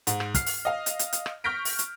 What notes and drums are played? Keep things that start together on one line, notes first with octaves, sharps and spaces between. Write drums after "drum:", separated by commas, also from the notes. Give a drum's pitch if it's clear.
G#2, drum: hi-hat
drum: rim click
F6 C7, drum: kick, hi-hat
drum: open hi-hat
D#5 F5
drum: hi-hat
drum: hi-hat
drum: hi-hat
drum: rim click
C#6 F6 G6 A#6 B6 D7
drum: open hi-hat
drum: hi-hat